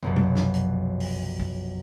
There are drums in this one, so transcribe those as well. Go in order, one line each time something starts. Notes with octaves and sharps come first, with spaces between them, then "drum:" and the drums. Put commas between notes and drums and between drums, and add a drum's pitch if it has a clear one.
F1 B1 F#2, drum: tom
drum: tom F#3
drum: snare
drum: hi-hat
drum: open hi-hat
drum: kick